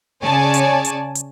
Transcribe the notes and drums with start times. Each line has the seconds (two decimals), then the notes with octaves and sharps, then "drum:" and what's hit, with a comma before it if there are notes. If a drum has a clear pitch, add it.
0.23 C#3 C#5 D5 G#5 A5
0.54 drum: hi-hat
0.85 drum: hi-hat
1.15 drum: hi-hat